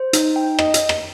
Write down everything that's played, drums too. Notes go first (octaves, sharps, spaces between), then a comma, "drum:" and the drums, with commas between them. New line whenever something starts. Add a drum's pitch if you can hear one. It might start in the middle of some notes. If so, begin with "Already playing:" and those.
Already playing: C5
D#4, drum: hi-hat
G5
D#5, drum: rim click
drum: hi-hat
drum: rim click